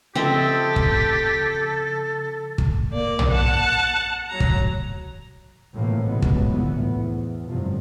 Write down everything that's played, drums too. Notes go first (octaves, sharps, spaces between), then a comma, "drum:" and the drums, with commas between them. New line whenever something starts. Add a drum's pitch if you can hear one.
C#3 F3 C4 G4 A4 D#5 E5
drum: kick
drum: kick
A#3 D5
drum: tom
F#5 A5
F#3 A#5
drum: kick
A2 C3 E3 F3 A#3
A1 C#3 F#3 G#3 B3
drum: kick
G1 C2 A2 E3 F3 B3
E2
G1 F#2 A2 C3 F3